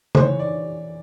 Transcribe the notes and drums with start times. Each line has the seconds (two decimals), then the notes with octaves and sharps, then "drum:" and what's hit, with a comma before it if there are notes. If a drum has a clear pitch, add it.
0.15 C5, drum: tom C#3
0.22 E3 C#5
0.39 D5